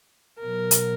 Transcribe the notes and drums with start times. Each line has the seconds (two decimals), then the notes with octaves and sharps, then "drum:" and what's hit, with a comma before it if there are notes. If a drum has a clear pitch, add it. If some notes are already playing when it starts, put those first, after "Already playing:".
0.40 B2 F#3 B3 A#4
0.71 drum: hi-hat